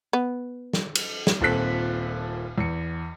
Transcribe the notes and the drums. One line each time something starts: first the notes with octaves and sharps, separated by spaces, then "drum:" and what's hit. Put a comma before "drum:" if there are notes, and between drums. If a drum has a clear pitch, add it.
B3
drum: snare
drum: cymbal
drum: snare
D#1 A#2 C4 A4 F#6 B6
E2 C#7